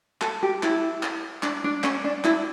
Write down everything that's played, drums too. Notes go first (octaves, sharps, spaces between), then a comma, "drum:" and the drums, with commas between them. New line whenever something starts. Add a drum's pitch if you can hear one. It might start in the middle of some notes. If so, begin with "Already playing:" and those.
A4, drum: clap
G4
E4, drum: clap
drum: clap
D4, drum: clap
D4
C#4, drum: clap
D4
E4, drum: clap